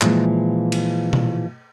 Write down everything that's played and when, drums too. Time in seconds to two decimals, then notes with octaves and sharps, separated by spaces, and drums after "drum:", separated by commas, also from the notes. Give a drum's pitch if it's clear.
0.01 A#2 E3 F3 G#3, drum: clap
0.72 drum: cymbal
1.13 drum: tom B2